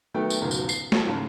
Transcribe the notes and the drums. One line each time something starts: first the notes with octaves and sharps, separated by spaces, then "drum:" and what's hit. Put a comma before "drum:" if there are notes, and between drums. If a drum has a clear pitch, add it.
D#3 F#3 A3 B3 G5
drum: tambourine
E1 C#2 G#2 F#3 A#4
drum: tambourine
C7, drum: tambourine
F#3 A5, drum: snare
G#2 C#3